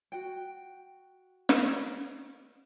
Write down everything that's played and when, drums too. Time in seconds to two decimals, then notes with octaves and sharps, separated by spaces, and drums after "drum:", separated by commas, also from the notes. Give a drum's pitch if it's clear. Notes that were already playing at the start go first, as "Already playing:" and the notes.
0.12 F#4 G5
1.49 drum: snare